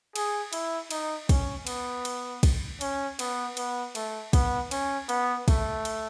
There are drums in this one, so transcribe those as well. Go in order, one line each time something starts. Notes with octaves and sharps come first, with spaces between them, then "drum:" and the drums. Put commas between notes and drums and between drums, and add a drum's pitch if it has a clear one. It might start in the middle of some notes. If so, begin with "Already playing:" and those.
G#4, drum: cymbal
E4, drum: cymbal
D#4, drum: cymbal
C#4, drum: kick, cymbal
B3, drum: cymbal
drum: cymbal
drum: kick, cymbal
C#4, drum: cymbal
B3, drum: cymbal
B3, drum: cymbal
A3, drum: cymbal
B3, drum: kick, cymbal
C#4, drum: cymbal
B3, drum: cymbal
A3, drum: kick, cymbal
drum: cymbal